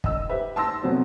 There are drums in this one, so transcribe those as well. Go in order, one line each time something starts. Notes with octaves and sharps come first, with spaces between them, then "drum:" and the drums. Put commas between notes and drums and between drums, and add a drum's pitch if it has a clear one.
D#5 E6, drum: kick
G4 B4 C5 E5
A5 C6 E6 A#6
F1 C3 F#3 B3 C5